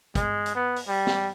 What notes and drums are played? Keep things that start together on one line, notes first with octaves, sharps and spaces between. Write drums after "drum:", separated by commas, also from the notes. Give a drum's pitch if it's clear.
G#3, drum: kick, hi-hat
drum: hi-hat
B3
drum: open hi-hat
G3
drum: snare